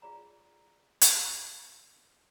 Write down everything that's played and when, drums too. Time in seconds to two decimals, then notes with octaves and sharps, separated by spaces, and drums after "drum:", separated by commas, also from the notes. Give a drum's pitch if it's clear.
0.02 F4 G#4 D5 A#5
1.01 drum: hi-hat